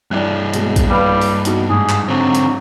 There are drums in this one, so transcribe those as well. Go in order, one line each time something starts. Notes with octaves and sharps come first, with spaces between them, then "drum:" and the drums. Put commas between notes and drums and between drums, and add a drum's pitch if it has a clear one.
G2 E4 D5 G5 F#6
B2 G#3, drum: hi-hat
drum: kick A#1, hi-hat
G3 B4 F5 B5
drum: open hi-hat
B3 D#4 F#4, drum: hi-hat
G#2 G#4
drum: clap
D3 F#3 C4
drum: hi-hat